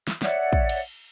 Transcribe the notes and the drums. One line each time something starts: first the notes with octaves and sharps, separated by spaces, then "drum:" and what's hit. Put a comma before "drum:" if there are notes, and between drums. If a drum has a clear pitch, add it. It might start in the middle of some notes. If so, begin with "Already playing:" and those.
drum: snare
C#5 D5 E5 F#5, drum: snare
drum: kick
drum: cymbal